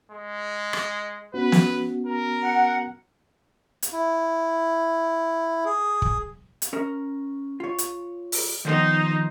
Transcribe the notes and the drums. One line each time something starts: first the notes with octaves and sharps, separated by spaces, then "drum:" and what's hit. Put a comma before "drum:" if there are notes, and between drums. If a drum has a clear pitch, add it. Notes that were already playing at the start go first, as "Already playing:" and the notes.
G#3
drum: rim click
B3 C#4 F#4 B4
drum: snare
A#4
F#5
drum: hi-hat
E4
G#4
drum: kick
drum: hi-hat
C#4 A#4
F4 C#5
drum: hi-hat
drum: open hi-hat
D#3 F3 B3 D#4 C5